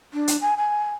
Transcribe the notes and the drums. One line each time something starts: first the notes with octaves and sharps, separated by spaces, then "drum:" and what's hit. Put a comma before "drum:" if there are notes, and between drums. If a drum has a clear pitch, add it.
D4
drum: hi-hat
G#5
G#5